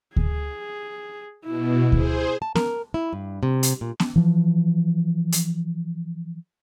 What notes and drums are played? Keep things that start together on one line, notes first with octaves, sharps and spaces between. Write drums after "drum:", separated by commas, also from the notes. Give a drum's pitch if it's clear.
G#4, drum: kick D2
B2 E4
G#4 C5, drum: kick D2
A5
A#4, drum: snare B3
E4
G2
C3
drum: hi-hat
A#2
drum: snare B3
E3 F3
drum: hi-hat